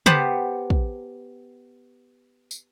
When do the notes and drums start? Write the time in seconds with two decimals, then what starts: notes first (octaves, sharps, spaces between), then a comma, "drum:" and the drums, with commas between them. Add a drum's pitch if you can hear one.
0.06 B3 G4 C5 F#5 A5, drum: tom C#3
0.70 drum: kick
2.51 drum: tambourine